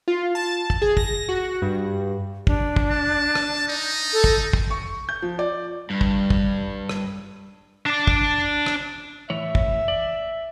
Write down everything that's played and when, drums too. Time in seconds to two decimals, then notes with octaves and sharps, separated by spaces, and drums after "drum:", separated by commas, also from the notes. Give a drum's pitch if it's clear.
0.08 F4
0.35 A5
0.70 drum: kick
0.82 G#4
0.97 A#6, drum: kick
1.29 F#4
1.62 G2
2.47 D4, drum: kick
2.76 drum: kick
2.91 A5
3.35 drum: rim click
3.68 D#4
4.13 A4
4.24 drum: kick
4.53 drum: kick
4.70 C#6
5.09 G6
5.22 F3
5.39 D5
5.90 G2 G3
6.01 drum: kick
6.30 drum: kick
6.89 drum: rim click
7.86 D4 D5
8.07 drum: kick
8.66 drum: rim click
9.30 A2 E3 C#5 E5
9.55 drum: kick
9.88 D5